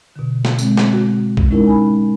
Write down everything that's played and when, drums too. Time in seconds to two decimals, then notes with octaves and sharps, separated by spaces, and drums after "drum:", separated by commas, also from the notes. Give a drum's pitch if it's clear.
0.16 B2 D3
0.45 drum: snare
0.59 G#3 C4, drum: tambourine
0.77 drum: snare
0.93 F#4
1.37 drum: kick
1.51 G#3 C#4 D#4 E4 A#4
1.67 G#5 B5